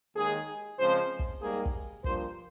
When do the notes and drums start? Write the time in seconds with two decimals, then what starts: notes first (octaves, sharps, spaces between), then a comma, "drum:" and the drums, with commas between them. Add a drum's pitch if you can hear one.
0.16 D#2 D#3 G#3 G#4
0.79 C#2 C#3 F3 G#3 C4 C5
1.19 drum: kick
1.42 G#2 G3 A#3 G#4
1.65 drum: kick
2.04 G2 F3 A#3 C5, drum: kick